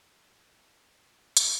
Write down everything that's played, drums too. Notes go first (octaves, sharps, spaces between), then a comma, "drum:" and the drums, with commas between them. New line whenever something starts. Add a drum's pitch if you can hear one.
F4 G#4 A4 C5 D5 D#5
drum: hi-hat